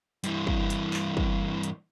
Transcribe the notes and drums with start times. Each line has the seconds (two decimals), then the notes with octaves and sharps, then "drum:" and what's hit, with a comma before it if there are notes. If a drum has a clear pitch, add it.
0.24 G2 E3, drum: hi-hat
0.47 drum: kick
0.70 drum: hi-hat
0.94 drum: clap
1.17 drum: kick
1.63 drum: hi-hat